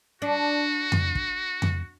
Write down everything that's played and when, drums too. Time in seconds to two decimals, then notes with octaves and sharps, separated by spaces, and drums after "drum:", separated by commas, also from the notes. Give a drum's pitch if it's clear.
0.22 D4 F#4
0.92 drum: tom F2
1.15 drum: kick
1.62 drum: tom F2